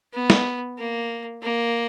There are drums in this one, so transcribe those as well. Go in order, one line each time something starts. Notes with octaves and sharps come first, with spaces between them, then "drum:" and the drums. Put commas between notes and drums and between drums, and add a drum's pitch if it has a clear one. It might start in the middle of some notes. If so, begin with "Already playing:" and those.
B3
drum: snare
A#3
A#3